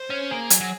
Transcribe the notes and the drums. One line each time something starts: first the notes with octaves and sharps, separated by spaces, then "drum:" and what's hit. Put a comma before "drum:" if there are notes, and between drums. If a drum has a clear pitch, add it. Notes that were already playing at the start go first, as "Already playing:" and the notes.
Already playing: C5
C#4
A#3 G#4
F#3, drum: hi-hat
F#3